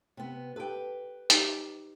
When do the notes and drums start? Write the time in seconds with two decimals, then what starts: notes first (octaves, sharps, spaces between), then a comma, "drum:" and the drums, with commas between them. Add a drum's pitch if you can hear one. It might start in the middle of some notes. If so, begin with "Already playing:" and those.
0.17 C3 B3
0.56 G4 A4 B4 G5
1.30 D#4 G4 C#5, drum: hi-hat